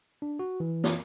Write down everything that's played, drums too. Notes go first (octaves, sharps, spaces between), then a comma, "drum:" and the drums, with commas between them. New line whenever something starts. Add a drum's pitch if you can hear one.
D4
F#4
E3
drum: snare